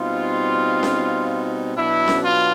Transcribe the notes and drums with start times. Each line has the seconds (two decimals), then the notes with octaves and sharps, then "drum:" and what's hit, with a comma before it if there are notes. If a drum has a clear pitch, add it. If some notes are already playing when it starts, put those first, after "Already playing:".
Already playing: B2 G3 C4 D#4 F4
0.83 drum: snare C#4
1.76 B2 F#3 B3 D4 E4
2.08 drum: snare C#4
2.23 F4